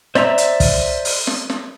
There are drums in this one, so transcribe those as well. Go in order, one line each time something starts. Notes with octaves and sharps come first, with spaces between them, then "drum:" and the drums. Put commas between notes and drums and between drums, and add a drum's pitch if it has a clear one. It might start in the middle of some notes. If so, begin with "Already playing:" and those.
C5 D5 E5 A#5 E6, drum: snare
drum: hi-hat
drum: kick, open hi-hat
drum: open hi-hat
drum: snare
drum: snare